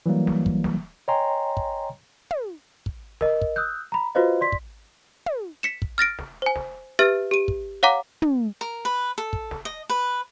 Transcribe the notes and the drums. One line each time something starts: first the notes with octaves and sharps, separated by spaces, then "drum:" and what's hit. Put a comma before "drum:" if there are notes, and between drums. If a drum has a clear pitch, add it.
E3 F#3 G3 A#3
drum: snare
drum: kick
drum: snare
C#5 D#5 G5 G#5 A#5 C6
drum: kick
drum: tom
drum: kick
A#4 D#5, drum: snare
drum: kick
D#6 E6 F#6 G6
A#5 B5
F4 F#4 B4 C5 D#5 F5
D5 C6 B6
drum: kick
drum: tom
B6 C#7 E7
drum: kick
F6 A6 A#6 D7
drum: snare
C5 G#5
drum: snare
G4 B4 E5 F6 A6
G4 D#7
drum: kick
C#5 F5 F#5 A#5 D6
drum: tom
A#4
B4
A4
drum: kick
drum: snare
D#5
B4